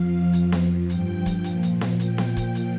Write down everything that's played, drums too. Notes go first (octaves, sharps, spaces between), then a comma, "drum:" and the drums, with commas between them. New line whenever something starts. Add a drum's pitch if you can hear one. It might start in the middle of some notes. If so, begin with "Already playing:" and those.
Already playing: F2 F3 F5
F2 F3, drum: hi-hat
drum: snare B3
G2 F3 G5, drum: hi-hat
drum: kick, hi-hat
A#2 F3, drum: hi-hat
drum: hi-hat
drum: snare B3
A#2 F3 G5, drum: hi-hat
drum: snare B3
drum: kick, hi-hat
drum: hi-hat